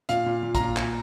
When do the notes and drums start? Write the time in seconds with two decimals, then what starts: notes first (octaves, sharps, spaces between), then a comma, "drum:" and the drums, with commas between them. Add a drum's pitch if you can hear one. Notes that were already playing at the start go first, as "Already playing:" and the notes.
0.09 A#2 F5, drum: hi-hat
0.26 A#2
0.43 A#2
0.55 A#5, drum: kick, hi-hat
0.60 A#2
0.76 A#2, drum: clap